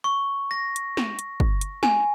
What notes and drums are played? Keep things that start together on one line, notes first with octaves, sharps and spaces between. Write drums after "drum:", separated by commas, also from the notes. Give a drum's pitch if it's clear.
C#6
A#6
drum: hi-hat
drum: snare
drum: hi-hat
drum: kick
drum: hi-hat
G#5, drum: snare